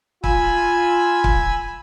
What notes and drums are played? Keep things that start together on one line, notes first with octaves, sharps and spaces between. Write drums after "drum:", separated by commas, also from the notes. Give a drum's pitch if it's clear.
F4 G#5 B5 E6, drum: kick
drum: kick